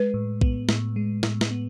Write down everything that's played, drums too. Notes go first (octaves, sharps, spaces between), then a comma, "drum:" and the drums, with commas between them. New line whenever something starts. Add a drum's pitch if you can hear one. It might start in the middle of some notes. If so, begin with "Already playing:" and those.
Already playing: G#3 B4
A2
B3, drum: kick A#1
A2, drum: snare
G#3
A2, drum: snare
drum: snare
B3